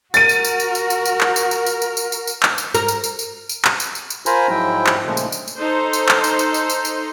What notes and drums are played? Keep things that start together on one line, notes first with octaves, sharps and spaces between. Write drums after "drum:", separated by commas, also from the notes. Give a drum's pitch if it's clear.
F#4 A#4 A6 D#7, drum: tambourine
drum: tambourine
drum: tambourine
drum: tambourine
drum: tambourine
drum: tambourine
drum: tambourine
drum: clap
drum: tambourine
drum: tambourine
drum: tambourine
drum: tambourine
drum: tambourine
drum: tambourine
drum: tambourine
drum: clap
drum: tambourine
A#4, drum: tambourine
drum: tambourine
drum: tambourine
drum: tambourine
drum: tambourine
drum: clap
drum: tambourine
drum: tambourine
drum: tambourine
F4 A#4 C5 G#5 A#5 B5, drum: tambourine
G#2 F3 F#3 G#3 E4 G5
drum: clap
A#2 C#3 F3 G#3 A3
drum: tambourine
drum: tambourine
drum: tambourine
D#4 A4 C5
drum: tambourine
drum: clap
drum: tambourine
drum: tambourine
drum: tambourine
drum: tambourine
drum: tambourine